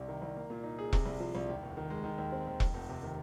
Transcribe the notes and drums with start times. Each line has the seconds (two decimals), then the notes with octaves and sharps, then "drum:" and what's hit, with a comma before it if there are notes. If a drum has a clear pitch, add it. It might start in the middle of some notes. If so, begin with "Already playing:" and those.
Already playing: C2 C3
0.08 D#3
0.22 C2
0.36 A#3
0.50 A#2
0.64 D#4
0.79 G#4
0.93 C3, drum: kick E1
1.06 C2
1.20 F3
1.35 C2
1.48 D#2
1.63 F1
1.77 D#3
1.90 G#3
2.04 D#3
2.18 D#2
2.32 C4
2.47 D#2
2.60 F2, drum: kick E1
2.74 F1
2.89 C3
3.03 D#3